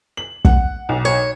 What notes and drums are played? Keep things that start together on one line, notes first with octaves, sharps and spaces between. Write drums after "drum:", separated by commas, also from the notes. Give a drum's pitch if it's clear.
F#7
F#5, drum: kick
B1
C#5